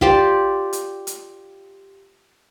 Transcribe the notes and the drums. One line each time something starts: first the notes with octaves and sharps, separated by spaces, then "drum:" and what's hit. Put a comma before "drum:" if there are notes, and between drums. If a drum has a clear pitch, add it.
F4 G4 C5 D5, drum: kick
drum: hi-hat
drum: hi-hat